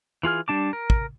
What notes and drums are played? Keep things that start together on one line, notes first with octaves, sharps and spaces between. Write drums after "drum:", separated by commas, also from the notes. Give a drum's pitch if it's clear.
E3 F4 G#4 F6
G3 D4 A5 D6
A#4
drum: kick